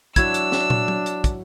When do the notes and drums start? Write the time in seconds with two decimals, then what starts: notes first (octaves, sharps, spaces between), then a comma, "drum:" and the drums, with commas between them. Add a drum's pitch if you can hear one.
0.16 F#3 D4 E4 E6 G#6, drum: kick, hi-hat
0.34 drum: hi-hat
0.52 drum: snare
0.70 drum: tom
0.88 drum: tom F#3
1.06 drum: hi-hat
1.24 drum: kick, hi-hat